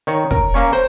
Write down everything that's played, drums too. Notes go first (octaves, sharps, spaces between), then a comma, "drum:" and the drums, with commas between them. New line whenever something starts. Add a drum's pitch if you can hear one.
D#3 C#5
A#4, drum: kick
A#3 C#4 C#5
C5